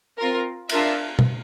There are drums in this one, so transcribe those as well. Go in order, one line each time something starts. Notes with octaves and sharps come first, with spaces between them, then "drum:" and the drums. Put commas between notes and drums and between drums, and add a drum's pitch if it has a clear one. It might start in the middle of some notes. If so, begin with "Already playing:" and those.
C4 F4 A#4
D4 F4 A#4 E5, drum: cymbal
drum: tom